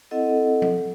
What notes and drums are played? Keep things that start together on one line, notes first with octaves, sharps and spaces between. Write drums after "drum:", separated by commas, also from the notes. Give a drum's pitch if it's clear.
C4 E4 A4 D#5 F#5
drum: tom F3